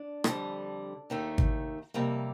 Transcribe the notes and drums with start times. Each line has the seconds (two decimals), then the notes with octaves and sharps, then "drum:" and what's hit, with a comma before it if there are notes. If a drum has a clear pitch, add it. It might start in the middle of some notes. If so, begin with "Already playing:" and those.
Already playing: D4
0.24 F2 D3 G3, drum: rim click
1.10 D#2 D#3 A3
1.38 drum: kick G#1
1.94 F2 C3 G3 A#3